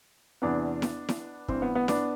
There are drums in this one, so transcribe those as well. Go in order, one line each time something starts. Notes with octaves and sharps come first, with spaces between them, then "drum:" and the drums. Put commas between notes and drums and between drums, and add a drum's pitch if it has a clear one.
E2 C3 E3 B3 D4
drum: snare E4
drum: snare E4
G2 E3 C4, drum: kick
B3
B3
B3 D4, drum: snare E4